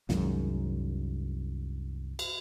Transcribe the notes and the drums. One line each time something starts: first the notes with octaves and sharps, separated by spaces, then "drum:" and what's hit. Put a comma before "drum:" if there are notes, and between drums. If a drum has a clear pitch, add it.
C2 F#2 D#3 G#3, drum: snare
drum: cymbal